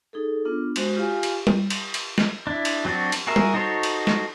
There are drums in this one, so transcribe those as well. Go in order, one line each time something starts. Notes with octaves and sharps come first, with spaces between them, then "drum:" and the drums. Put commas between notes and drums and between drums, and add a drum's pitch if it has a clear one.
D#4 G#4 A4
B3 D4 F4
G#3 F#4 C5, drum: cymbal
F4 G4 C#5 F5 G#5
drum: cymbal
drum: tom
drum: cymbal
drum: cymbal
drum: snare
D4 E4
drum: cymbal
F#3 C4 D4 F#4
drum: cymbal
F#4 G#4 A#4 E5
drum: tom
D#4 F#4 A4 C5 C#5
drum: cymbal
drum: snare